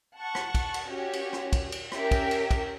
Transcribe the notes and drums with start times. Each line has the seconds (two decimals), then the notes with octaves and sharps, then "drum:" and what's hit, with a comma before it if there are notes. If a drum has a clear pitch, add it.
0.17 F#5 A5 C#6
0.35 drum: rim click
0.55 drum: kick, cymbal
0.74 drum: cymbal
0.90 C#4 F#4 G4 C#5
1.13 drum: cymbal
1.33 drum: rim click
1.53 drum: kick, cymbal
1.72 drum: cymbal
1.92 C#4 G4 A#4 E5 G5, drum: rim click
2.11 drum: kick, cymbal
2.31 drum: cymbal
2.51 drum: kick, cymbal